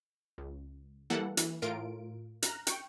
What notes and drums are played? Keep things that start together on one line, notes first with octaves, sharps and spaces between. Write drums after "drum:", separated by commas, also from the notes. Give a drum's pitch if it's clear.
C#2
E3 G3 A#3 A4 F#5
E3, drum: hi-hat
A2 F4 A#4 D7
A#5 F6 F#6, drum: hi-hat
G5 C#6, drum: hi-hat